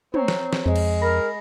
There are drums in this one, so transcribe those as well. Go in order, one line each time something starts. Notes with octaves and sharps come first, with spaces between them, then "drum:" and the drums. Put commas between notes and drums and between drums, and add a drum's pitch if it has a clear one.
C4 C5 C#5 A#5, drum: tom
drum: snare
drum: snare
F2 G#3
drum: cymbal
A#4 B5 A#6